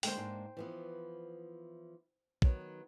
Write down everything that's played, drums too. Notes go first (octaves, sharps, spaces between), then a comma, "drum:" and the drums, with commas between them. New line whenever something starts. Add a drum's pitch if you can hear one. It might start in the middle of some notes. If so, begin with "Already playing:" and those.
D3 G#3 A#3 C5 G5, drum: open hi-hat
G#2 A#3 D4
E3 F3 B3
D#3 F#3 B3, drum: kick